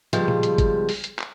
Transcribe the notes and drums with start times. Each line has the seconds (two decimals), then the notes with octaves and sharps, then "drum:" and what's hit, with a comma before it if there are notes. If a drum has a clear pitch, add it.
0.13 C#3 F3 G3 G#3 B3, drum: hi-hat
0.28 drum: tom A#2
0.43 drum: hi-hat
0.58 drum: kick G1, hi-hat
0.89 drum: open hi-hat
1.04 drum: hi-hat
1.19 drum: clap